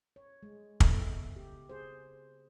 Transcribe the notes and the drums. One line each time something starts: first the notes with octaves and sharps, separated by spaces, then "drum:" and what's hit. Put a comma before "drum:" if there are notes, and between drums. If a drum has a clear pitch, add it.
C#5
G#3
C#3 B3 A4 D#5 E5, drum: kick
G4
G#4 C5